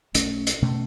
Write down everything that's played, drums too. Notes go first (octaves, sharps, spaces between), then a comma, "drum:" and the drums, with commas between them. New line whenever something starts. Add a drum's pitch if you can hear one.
B1 A3 C#4, drum: hi-hat
drum: hi-hat
B2 A3 C#4